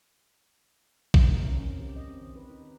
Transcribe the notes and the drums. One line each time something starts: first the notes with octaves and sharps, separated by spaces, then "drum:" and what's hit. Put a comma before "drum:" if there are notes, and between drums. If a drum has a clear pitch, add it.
drum: kick A#1
A#4
C#4
C4
G4
D#5
C4
D#3
B4
D#4